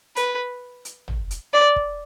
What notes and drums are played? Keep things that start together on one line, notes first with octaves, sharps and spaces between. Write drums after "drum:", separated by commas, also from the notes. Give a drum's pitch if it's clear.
B4, drum: hi-hat
drum: hi-hat
drum: tom
drum: hi-hat
D5
drum: kick